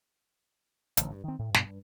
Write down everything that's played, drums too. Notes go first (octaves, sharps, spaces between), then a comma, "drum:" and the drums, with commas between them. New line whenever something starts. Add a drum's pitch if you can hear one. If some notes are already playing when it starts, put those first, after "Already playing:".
A1 D3 F3, drum: hi-hat
G2
D#3 C4
A2
G2 B2, drum: snare
G2